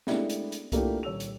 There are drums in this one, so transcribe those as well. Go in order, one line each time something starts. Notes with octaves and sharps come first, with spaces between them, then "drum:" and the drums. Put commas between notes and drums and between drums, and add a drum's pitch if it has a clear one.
G#3 A3 B3 D4 E4 G4, drum: snare
drum: hi-hat
drum: hi-hat
A3 A#3 D4 E4 F4 G4, drum: kick C2, hi-hat
D#1 C#5 E6 F7
drum: hi-hat